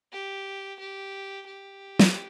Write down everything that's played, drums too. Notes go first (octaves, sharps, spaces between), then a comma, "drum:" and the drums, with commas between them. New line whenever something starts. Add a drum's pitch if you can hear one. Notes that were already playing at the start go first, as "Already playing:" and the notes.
G4
G4
G4
drum: snare